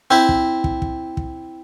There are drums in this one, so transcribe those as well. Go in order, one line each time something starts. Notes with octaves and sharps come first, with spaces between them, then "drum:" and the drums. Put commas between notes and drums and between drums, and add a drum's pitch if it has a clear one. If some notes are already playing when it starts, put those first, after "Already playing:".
C4 E4
drum: kick
drum: kick
drum: kick
drum: kick